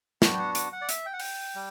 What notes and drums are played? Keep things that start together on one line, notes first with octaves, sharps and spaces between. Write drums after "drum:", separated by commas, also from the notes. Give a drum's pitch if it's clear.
B3 D4 F#4 G5, drum: snare
G5
F#5
F#5, drum: hi-hat
F#5
D5
E5, drum: hi-hat
G5
F#5
G5, drum: open hi-hat
G3